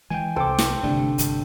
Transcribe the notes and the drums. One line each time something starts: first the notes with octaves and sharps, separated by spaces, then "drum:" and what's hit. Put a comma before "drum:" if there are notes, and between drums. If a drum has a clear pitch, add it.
E3 G#3 G5 G#5
C2 A4 C5 G5 A5 D6
drum: snare
G1 C3 A3 D4
G1, drum: hi-hat